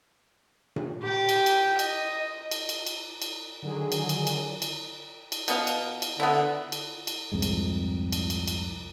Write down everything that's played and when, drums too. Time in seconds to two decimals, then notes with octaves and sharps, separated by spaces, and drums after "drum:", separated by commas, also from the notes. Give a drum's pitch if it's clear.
0.76 drum: tom A#2
1.03 G4 G5
1.29 drum: cymbal
1.46 drum: cymbal
1.79 D#5, drum: cymbal
2.51 drum: cymbal
2.69 drum: cymbal
2.87 drum: cymbal
3.22 drum: cymbal
3.62 D3 D#3 F#3 G#4
3.92 drum: cymbal
4.09 drum: cymbal
4.27 drum: cymbal
4.62 drum: cymbal
5.32 drum: cymbal
5.48 B2 B3 F5, drum: cymbal
5.67 drum: cymbal
6.02 drum: cymbal
6.20 D3 B3 E4
6.72 drum: cymbal
7.07 drum: cymbal
7.32 C2 F2 G#2 G#3
7.42 drum: cymbal
8.12 drum: cymbal
8.30 drum: cymbal
8.48 drum: cymbal